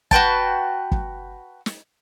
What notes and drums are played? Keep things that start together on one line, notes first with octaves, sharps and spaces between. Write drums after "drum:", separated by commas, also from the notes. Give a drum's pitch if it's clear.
F#4 B4 G5 A5, drum: kick
drum: kick
drum: snare